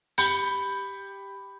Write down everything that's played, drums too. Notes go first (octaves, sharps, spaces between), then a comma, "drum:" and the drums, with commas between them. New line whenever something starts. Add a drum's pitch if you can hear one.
G4 B5 G6 C#7, drum: tambourine